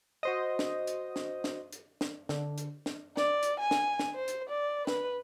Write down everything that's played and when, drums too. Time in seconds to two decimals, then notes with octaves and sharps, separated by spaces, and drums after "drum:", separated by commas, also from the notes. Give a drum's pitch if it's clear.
0.23 F#4 C5 D#5
0.59 drum: snare
0.87 drum: hi-hat
1.16 drum: snare
1.44 drum: snare
1.73 drum: hi-hat
2.01 drum: snare
2.29 D3, drum: snare
2.58 drum: hi-hat
2.86 drum: snare
3.17 D5, drum: snare
3.43 drum: hi-hat
3.60 G#5
3.71 drum: snare
3.99 drum: snare
4.14 C5
4.28 drum: hi-hat
4.49 D5
4.87 B4, drum: snare